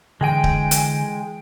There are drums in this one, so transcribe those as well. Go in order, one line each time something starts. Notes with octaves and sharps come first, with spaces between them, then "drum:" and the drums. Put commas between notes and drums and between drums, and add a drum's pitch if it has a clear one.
D3 E3 G#3 G5 G#5 D7
drum: kick D1
drum: hi-hat